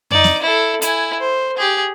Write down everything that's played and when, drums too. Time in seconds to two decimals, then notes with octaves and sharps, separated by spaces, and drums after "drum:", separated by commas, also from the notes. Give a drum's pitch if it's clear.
0.11 D#4 D5, drum: tom F2
0.24 drum: snare
0.42 E4 A4
0.82 E4 G#5, drum: hi-hat
1.20 C5
1.57 G4 G#4